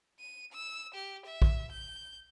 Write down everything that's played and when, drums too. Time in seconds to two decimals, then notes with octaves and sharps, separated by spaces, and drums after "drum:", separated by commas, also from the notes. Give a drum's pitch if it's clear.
0.20 D#7
0.53 E6
0.94 G4
1.26 E5
1.42 drum: kick
1.72 G6